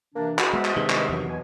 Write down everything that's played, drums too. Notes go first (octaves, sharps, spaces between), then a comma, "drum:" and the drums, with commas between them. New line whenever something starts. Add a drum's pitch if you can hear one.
C3 E3 A#3 D4
C#4 F#4 G#4 C5, drum: clap
G#3 B3 C5 D#5 E5
drum: clap
G2 C3 D#3 G#3
drum: clap
E2 F#3
B2 G#5